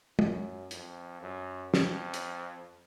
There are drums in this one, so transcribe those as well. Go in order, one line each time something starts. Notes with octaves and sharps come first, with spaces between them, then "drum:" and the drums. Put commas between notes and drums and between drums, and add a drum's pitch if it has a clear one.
F#2, drum: tom
F2, drum: hi-hat
F#2
F2, drum: snare
drum: hi-hat